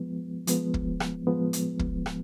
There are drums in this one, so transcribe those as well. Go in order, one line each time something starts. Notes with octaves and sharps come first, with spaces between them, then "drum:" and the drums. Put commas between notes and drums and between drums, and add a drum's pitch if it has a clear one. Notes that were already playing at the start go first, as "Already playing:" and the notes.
Already playing: F3 G#3 B3
F3 G#3 B3, drum: hi-hat
drum: kick
drum: rim click
F3 G#3 B3
drum: hi-hat
drum: kick
drum: rim click